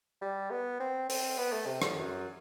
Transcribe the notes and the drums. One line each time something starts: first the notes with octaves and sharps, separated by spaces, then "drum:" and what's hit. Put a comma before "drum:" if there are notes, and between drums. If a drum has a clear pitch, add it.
G3
B3
C4
C4, drum: open hi-hat
B3
A3
C3
A2, drum: rim click
F#2